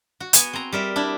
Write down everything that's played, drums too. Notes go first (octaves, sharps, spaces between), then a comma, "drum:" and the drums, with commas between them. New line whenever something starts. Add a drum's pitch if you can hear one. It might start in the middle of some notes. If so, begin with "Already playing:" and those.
F#4
B3 G#5, drum: hi-hat
C4 A#5
G3 A#4 E5
D4 E4